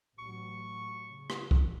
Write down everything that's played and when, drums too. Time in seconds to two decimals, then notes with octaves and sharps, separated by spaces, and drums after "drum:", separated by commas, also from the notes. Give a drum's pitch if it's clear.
0.18 A1 F#3 C#6
1.08 C#3
1.30 drum: rim click
1.51 drum: kick